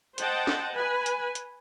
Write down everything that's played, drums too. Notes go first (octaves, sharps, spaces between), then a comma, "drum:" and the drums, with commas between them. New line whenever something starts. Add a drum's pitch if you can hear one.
C5 D#5 F#5 G5 A5, drum: hi-hat
drum: snare
B4 G#5
drum: hi-hat
drum: hi-hat